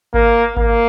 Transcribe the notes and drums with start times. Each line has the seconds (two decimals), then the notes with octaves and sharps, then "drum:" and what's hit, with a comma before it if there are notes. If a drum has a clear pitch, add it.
0.14 A#3, drum: kick G#1
0.57 A#3, drum: kick G#1